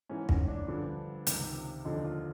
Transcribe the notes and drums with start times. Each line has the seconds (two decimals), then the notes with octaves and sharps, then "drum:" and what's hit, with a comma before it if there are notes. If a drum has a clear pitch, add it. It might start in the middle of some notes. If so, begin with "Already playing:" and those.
0.09 G#2 E3 C#4
0.29 C#4, drum: kick
0.48 D4
0.68 G2 D3 F3
1.27 C#2 C3 D#3, drum: hi-hat
1.85 D#2 D3 F3 D#4
2.04 F4